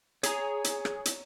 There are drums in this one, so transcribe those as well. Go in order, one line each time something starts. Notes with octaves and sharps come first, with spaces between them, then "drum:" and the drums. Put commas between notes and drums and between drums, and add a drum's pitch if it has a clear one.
G#4 C#5 A#5, drum: hi-hat
drum: hi-hat
drum: rim click
drum: hi-hat